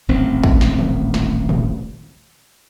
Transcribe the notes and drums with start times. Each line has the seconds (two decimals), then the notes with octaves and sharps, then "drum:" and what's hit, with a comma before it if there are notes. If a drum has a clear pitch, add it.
0.08 D#1 A1 D#2 C4
0.44 drum: kick
0.61 drum: snare
0.79 drum: tom
1.14 drum: snare
1.49 drum: tom